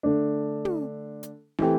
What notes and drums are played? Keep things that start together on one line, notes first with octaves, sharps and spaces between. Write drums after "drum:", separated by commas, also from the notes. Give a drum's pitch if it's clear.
D3 A3 D4
drum: tom
drum: hi-hat
E3 A3 C4 G4, drum: snare